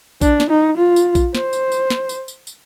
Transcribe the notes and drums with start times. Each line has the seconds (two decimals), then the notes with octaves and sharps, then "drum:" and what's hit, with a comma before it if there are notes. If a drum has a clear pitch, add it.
0.21 D4, drum: kick A#1, tambourine
0.40 drum: snare
0.50 D#4
0.77 F4
0.96 drum: tambourine
1.15 drum: kick A#1, tambourine
1.35 C5, drum: snare
1.53 drum: tambourine
1.72 drum: tambourine
1.90 drum: snare
2.09 drum: tambourine
2.28 drum: tambourine
2.47 drum: tambourine